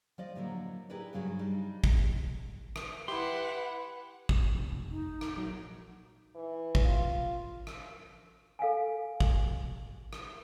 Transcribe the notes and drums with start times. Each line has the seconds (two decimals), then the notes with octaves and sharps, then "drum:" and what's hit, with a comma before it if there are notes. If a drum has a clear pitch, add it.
0.18 F3 D5 D#5
0.35 A2 D3 F#3 A#3 A#4
0.90 E4 G4 G#4 A#4 B4 D5
1.13 G2 C#3 F#3 G#4
1.39 G3 D4 D#4
1.84 drum: kick G#1
2.76 drum: rim click
3.08 E4 G4 B4 F#5 C6
4.29 drum: kick G#1
4.55 F1
4.90 D#4
5.21 drum: rim click
5.37 A#1 F#3
6.35 E3
6.75 drum: kick G#1
6.84 F4
7.67 drum: rim click
8.59 A4 F5 G5 G#5
9.20 drum: kick G#1
10.13 drum: rim click